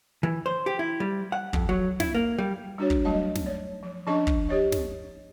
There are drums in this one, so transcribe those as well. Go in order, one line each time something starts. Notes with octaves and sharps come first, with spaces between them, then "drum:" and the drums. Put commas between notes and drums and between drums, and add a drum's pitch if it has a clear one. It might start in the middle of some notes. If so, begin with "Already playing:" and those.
E3
C5
G4
E4
G3
F#5
F2, drum: kick
F#3
E4, drum: snare
A#3
G3
G3 D4 F#4 C#5
drum: kick
F#3 G3 A3 D#5 A5
drum: snare
C#5 D5
F3
F3 C#4 D4 G#4 D#5 C#6
drum: kick
G4 C#5 D#5
drum: snare